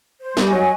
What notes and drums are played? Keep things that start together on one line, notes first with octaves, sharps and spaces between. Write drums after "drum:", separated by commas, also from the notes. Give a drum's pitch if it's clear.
C5
G3, drum: snare
D#5 G#5 C#6
F#3